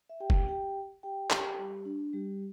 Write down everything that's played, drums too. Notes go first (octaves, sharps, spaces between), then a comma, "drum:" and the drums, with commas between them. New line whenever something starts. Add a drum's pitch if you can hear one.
E5
G4 G5
drum: kick
G4 G5
G4 G5
G4 G5, drum: clap
G3 G4
D4
G3 G4